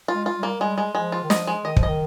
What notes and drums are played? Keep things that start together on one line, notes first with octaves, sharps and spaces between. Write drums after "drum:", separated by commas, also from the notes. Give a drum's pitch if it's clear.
G#3 F4
F4
G3
A#3
G3 G#3
G#3
F3 G#3
F4
D#3
F3 D#5, drum: snare
G#3
D#3 D#5
F3, drum: kick
D#5
D#3